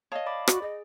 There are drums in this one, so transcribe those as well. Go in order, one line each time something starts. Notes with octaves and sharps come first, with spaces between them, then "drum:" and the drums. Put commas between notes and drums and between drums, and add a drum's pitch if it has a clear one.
C#5 D#5 F5 A5 D#6
D5 B5 D6
F#4, drum: rim click
G#4 D#5